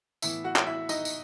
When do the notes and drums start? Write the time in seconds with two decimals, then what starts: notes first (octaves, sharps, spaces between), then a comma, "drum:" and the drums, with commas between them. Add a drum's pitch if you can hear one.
0.22 A2 E3 B3 E4 E5, drum: tambourine
0.44 F#4 F#5
0.56 drum: clap
0.67 E4 E5
0.89 D#4 D#5, drum: tambourine
1.05 drum: tambourine